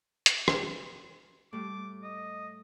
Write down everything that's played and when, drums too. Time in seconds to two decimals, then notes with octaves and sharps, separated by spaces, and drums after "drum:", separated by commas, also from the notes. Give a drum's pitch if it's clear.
0.26 drum: hi-hat
0.48 drum: rim click
1.53 A2 G3 D6
2.03 D#5